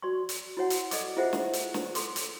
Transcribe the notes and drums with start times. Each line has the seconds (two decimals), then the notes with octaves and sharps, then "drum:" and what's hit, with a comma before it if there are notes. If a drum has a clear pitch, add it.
0.02 F#4 D5 C6 C#6
0.29 drum: hi-hat
0.57 E4 F#4 C#5 F#5
0.70 drum: hi-hat
0.91 A4 D5 D#5 C#6 D6, drum: hi-hat
1.17 E4 F4 G#4 C5 E5 F#5
1.33 drum: snare
1.53 drum: hi-hat
1.74 drum: snare
1.95 A4 C6 D6, drum: hi-hat
2.16 drum: hi-hat